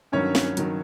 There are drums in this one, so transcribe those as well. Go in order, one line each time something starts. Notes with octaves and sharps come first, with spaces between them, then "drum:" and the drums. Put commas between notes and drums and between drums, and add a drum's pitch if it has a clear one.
G2 D#3 F#3 C#4 C#5
drum: snare
D#3 F#3, drum: hi-hat